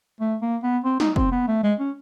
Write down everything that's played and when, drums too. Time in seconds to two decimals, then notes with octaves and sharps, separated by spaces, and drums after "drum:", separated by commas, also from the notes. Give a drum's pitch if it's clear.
0.20 A3
0.42 A#3
0.63 B3
0.84 C4
1.00 D#4, drum: snare
1.16 C4, drum: kick
1.32 B3
1.48 A3
1.63 G#3
1.80 C#4